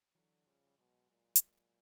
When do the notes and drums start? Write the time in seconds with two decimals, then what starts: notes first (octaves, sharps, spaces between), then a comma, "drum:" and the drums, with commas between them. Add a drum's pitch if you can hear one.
0.15 D3 E3 F#3
0.46 C#3 F3 G3
0.67 G3
0.78 B2 F#3 G#3
1.10 A#2
1.36 drum: hi-hat